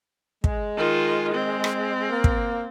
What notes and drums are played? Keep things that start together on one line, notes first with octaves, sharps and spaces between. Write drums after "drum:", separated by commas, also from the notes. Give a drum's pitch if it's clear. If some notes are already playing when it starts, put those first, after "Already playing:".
G#3, drum: kick
D#3 F4
C4
drum: rim click
A#3
drum: kick